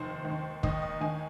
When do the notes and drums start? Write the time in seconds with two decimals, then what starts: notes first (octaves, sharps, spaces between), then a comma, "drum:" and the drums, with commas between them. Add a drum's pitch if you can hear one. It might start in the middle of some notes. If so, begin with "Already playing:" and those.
Already playing: F1 D#2 D#3 C5
0.25 D#2 D#3
0.63 D#2 D#3 D#5, drum: kick
0.82 D#5
1.01 D#2 D#3 G#5